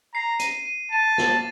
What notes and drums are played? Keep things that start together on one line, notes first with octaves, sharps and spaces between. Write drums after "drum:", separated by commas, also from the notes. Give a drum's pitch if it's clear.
A#5 C7
D#7, drum: hi-hat
D#7
A5 D#7
A6, drum: snare